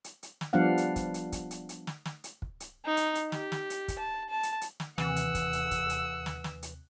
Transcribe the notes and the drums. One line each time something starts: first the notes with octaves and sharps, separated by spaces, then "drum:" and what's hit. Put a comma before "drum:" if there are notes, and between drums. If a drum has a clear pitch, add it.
drum: hi-hat
drum: hi-hat
drum: snare
F3 G3 B3 D4 F5 F#5
drum: hi-hat
drum: kick, hi-hat
drum: hi-hat
drum: kick, hi-hat
drum: hi-hat
drum: hi-hat
drum: snare
drum: snare
drum: hi-hat
drum: kick
drum: hi-hat
D#4
drum: hi-hat
drum: hi-hat
G4, drum: snare
drum: snare
drum: hi-hat
drum: kick, hi-hat
A5
A5
drum: hi-hat
drum: hi-hat
drum: snare
D#2 C3 E3 F#5 E6, drum: snare
drum: hi-hat
drum: kick, hi-hat
drum: hi-hat
drum: kick, hi-hat
drum: hi-hat
drum: snare
drum: snare
drum: hi-hat